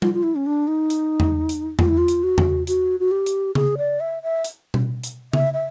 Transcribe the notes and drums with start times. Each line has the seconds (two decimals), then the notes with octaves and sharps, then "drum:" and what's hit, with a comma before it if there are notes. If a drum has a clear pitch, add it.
0.02 F4, drum: tom G3
0.14 F4
0.23 E4
0.35 C#4
0.46 D4
0.67 D#4
0.90 drum: hi-hat
1.20 drum: tom E2
1.49 drum: hi-hat
1.79 F4, drum: tom E2
1.88 E4
1.98 F4
2.08 drum: hi-hat
2.23 F#4
2.38 drum: tom E2
2.67 F#4, drum: hi-hat
3.00 F#4
3.11 G4
3.26 drum: hi-hat
3.55 G#4, drum: tom C#3
3.78 D5
4.00 E5
4.23 E5
4.44 drum: hi-hat
4.74 drum: tom B2
5.04 drum: hi-hat
5.33 E5, drum: tom C#3
5.54 E5